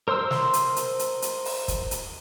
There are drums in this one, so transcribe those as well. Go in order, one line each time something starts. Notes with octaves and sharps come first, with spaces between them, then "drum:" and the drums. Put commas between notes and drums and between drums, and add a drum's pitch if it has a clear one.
A#4 C5 C6 E6
drum: snare
drum: hi-hat
drum: hi-hat
drum: hi-hat
drum: hi-hat
drum: open hi-hat
drum: kick, hi-hat
drum: hi-hat